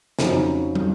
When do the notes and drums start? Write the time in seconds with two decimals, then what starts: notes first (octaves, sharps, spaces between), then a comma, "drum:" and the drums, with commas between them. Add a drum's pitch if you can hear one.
0.19 F2 C#3 F#3 C4 D#4, drum: snare
0.75 drum: tom